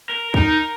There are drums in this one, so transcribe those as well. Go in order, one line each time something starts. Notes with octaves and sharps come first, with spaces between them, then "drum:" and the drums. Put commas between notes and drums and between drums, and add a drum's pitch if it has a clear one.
A#4
D#4 A#4, drum: kick